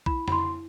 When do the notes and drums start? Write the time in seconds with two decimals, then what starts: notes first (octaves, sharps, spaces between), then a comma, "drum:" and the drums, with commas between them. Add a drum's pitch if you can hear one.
0.06 E4 B5, drum: kick B1
0.28 B5, drum: tom F2
0.32 E4 C6